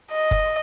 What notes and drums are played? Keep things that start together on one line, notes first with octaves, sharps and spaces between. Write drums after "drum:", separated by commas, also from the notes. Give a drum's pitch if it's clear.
D#5
drum: kick F#1